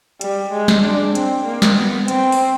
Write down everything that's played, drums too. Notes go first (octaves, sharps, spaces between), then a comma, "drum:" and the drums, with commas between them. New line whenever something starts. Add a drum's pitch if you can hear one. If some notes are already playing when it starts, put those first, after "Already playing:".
G3, drum: hi-hat
G#3
drum: snare
D4
C4, drum: hi-hat
A#3
drum: snare
B3
C4, drum: hi-hat
drum: open hi-hat